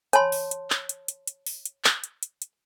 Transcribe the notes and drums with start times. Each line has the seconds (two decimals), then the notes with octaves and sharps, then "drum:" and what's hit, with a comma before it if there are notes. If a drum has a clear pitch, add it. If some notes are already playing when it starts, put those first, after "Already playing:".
0.13 C#5 G#5 A5 B5 C6, drum: hi-hat
0.32 drum: open hi-hat
0.51 drum: hi-hat
0.70 drum: clap
0.89 drum: hi-hat
1.08 drum: hi-hat
1.27 drum: hi-hat
1.46 drum: open hi-hat
1.66 drum: hi-hat
1.85 drum: clap
2.04 drum: hi-hat
2.23 drum: hi-hat
2.42 drum: hi-hat